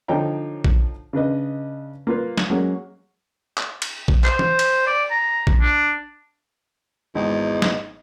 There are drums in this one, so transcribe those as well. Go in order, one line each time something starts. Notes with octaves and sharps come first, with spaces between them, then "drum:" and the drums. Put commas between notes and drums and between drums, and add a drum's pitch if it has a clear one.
D3 F3 D#4 C#5 G5 A#5
drum: kick A#1
C#3 D4 B4 D#5
A#3 F4 B4
drum: snare
F#3 G#3 A#3 C#4 F#4
drum: clap
drum: cymbal
drum: kick A#1
C5, drum: clap
drum: tom
drum: cymbal
D5
A#5
drum: kick A#1
D4
G#1 E2 D#4
drum: snare